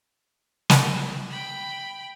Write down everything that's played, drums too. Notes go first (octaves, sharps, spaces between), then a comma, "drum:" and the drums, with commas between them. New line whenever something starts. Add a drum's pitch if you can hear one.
drum: snare
G5 B5